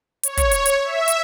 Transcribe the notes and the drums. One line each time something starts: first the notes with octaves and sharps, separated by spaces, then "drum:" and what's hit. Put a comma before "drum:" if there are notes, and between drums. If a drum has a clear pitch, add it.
C#5, drum: hi-hat
drum: kick, hi-hat
drum: hi-hat
drum: hi-hat
E5
drum: hi-hat